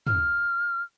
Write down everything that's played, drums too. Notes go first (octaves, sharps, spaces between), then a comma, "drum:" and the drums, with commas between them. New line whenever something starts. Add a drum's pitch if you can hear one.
F6, drum: tom